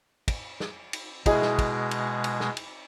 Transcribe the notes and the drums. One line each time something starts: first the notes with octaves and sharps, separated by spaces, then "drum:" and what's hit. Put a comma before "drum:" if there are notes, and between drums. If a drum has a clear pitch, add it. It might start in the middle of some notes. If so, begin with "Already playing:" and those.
drum: kick, cymbal
drum: snare
drum: cymbal
B2 G#3 E4 G#4 D#5, drum: kick, cymbal
drum: snare
drum: kick, cymbal
drum: cymbal
drum: cymbal
drum: snare
drum: cymbal